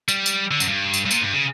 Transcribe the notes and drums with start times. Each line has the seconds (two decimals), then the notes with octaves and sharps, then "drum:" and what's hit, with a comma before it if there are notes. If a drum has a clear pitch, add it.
0.08 G3, drum: tambourine
0.26 drum: tambourine
0.52 D3
0.60 F#2, drum: tambourine
0.69 G2
0.94 drum: tambourine
1.06 G2
1.11 A#2, drum: tambourine
1.22 G2
1.33 C#3